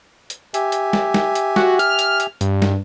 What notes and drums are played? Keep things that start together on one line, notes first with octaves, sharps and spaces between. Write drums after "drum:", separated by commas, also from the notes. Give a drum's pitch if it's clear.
drum: hi-hat
G4 E5 G#5, drum: hi-hat
drum: hi-hat
drum: snare
drum: snare
drum: hi-hat
F#4, drum: snare
F6, drum: hi-hat
drum: hi-hat
drum: hi-hat
G2, drum: hi-hat
drum: snare